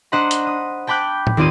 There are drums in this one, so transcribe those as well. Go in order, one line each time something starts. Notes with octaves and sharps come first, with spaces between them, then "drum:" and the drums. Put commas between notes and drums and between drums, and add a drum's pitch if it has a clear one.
D4 C5 D#5 F#5 A#5 B5
drum: hi-hat
D#6
G5 A5 B5 D6 F#6 G6
drum: tom A2
D#2 C4 F4 D5 D#6 D#7